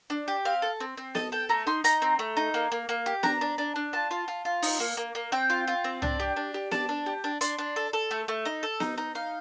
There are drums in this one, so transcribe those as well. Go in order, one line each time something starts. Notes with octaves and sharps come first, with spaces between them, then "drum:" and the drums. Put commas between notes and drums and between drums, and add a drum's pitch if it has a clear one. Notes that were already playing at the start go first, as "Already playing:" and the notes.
D4
G4
C4 F5
A4
C4
C4
A4 D#5, drum: snare B3
A4 G5
A3 A#5
D#4 C6
D#4 A#5, drum: hi-hat
C4
A3
D#4
A#3
A#3
A#3
G4
D4 A#5, drum: snare B3
D4
D4
D4
F4 A5
F4
F4
F4
D#4, drum: open hi-hat
A#3
A#3
A#3
C4 G5
F4
F4
C4
D4, drum: tom C2
G4
D4
G4
D4 A5, drum: snare B3
D4
G4
D4
D4 C6, drum: hi-hat
D4
A4
A4
A3
A3
D#4
A4
D#4, drum: snare B3
D#4
D#4 F5